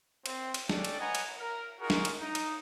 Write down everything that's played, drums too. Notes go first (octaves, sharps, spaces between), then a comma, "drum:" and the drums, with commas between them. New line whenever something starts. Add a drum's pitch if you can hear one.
C4, drum: cymbal
drum: cymbal
C#4 D4 G4 A4 D5, drum: snare
drum: cymbal
B4 C#5 D#5 F#5 G#5 A#5
drum: cymbal
A#4
D#4 F4 F#4 G#4 A#4
drum: snare
drum: cymbal
D#4
drum: cymbal